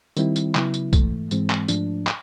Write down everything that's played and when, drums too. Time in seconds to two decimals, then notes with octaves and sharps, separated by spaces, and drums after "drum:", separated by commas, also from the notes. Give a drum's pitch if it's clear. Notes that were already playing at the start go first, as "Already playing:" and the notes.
0.17 D#3 G3 C4 E4, drum: tambourine
0.36 drum: tambourine
0.55 C#3 F#3 B3 E4, drum: clap
0.74 drum: tambourine
0.93 G#2 E3 A3, drum: kick B1, tambourine
1.31 G#2 E3 G#3 C4, drum: tambourine
1.50 drum: clap
1.68 G#2 F3 A3 D4, drum: tambourine
2.07 drum: clap